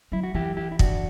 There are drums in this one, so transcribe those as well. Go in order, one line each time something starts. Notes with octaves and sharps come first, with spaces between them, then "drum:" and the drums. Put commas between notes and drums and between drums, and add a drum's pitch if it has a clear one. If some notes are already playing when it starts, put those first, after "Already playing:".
F#3 E4
F#4
E3 E4 G4
E4 G4
E4
D4 F#4, drum: kick